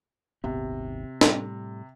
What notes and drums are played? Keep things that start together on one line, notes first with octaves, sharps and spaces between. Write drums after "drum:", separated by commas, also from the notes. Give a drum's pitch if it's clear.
D#1 G#1 C3 B3
A2 G3, drum: snare